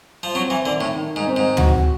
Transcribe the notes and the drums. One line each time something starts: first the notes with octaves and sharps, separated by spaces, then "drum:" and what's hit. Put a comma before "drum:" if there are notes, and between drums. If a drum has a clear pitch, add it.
F3
F#3 C4
E3
D3 D#3
A2
D#3
G#2
C4
G#2
F#4, drum: tom